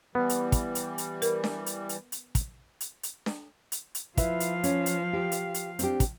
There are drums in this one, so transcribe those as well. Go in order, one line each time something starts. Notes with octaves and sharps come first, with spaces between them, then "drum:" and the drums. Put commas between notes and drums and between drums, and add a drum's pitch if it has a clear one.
E3 G3 B3
drum: hi-hat
drum: kick, hi-hat
drum: hi-hat
drum: hi-hat
A#4, drum: hi-hat
drum: snare D4
drum: hi-hat
drum: hi-hat
drum: hi-hat
drum: kick, hi-hat
drum: hi-hat
drum: hi-hat
drum: snare D4
drum: hi-hat
drum: hi-hat
F3 E4 B4 E5 F5, drum: kick, hi-hat
drum: hi-hat
C#4, drum: hi-hat
drum: hi-hat
G4
drum: hi-hat
drum: hi-hat
C4 D4 G4, drum: hi-hat
drum: kick, hi-hat